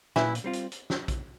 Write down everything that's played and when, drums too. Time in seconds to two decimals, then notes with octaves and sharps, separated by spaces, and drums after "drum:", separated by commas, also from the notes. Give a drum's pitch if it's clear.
0.16 A#2 E3 E4, drum: snare
0.35 drum: hi-hat
0.44 G3 C4 F4
0.53 drum: hi-hat
0.72 drum: hi-hat
0.90 drum: snare
1.08 drum: kick A#1, hi-hat